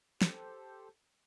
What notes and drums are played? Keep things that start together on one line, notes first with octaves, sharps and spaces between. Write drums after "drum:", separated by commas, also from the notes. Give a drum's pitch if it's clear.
G4 A4 C5, drum: snare